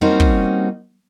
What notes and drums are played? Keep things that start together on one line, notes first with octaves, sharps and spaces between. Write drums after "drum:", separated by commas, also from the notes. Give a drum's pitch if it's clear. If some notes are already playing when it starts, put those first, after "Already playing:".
G3 A#3 C4 C#4 D#4 F#4
drum: kick